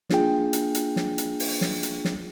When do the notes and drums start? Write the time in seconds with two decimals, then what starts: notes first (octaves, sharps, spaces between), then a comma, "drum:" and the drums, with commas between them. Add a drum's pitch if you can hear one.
0.10 A#3 D4 F4 G#4 G5, drum: snare
0.53 drum: hi-hat
0.75 drum: hi-hat
0.96 drum: snare
1.18 drum: hi-hat
1.40 drum: open hi-hat
1.61 drum: snare
1.83 drum: hi-hat
2.05 drum: snare